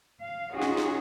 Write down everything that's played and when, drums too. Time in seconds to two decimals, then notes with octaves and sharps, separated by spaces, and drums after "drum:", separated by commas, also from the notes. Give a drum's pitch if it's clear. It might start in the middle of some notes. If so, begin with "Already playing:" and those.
0.22 F5
0.51 C#4 D#4 F4 F#4 G#4
0.62 drum: snare
0.78 drum: snare